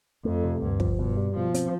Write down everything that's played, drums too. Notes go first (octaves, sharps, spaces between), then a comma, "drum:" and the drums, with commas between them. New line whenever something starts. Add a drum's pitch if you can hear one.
F2 A3
C3
D2 G2
F3, drum: kick
G2 B2
G3
B2 F3
C4, drum: hi-hat